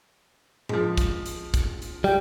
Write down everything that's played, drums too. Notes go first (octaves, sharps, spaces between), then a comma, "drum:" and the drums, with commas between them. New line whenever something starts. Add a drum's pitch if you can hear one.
F3 G#3, drum: tom A2
drum: kick, hi-hat
drum: hi-hat
drum: kick, hi-hat
drum: hi-hat
G3 G5